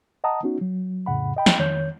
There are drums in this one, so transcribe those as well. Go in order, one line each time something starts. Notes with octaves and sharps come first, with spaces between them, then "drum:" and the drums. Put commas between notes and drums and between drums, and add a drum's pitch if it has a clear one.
D#5 F#5 A5 A#5 D#6
B3 C#4 D#4 F#4
F#3
F2 A2 C#3 F#5 B5
D#5 G5 B5
drum: snare
F2 D#3 C#5 G6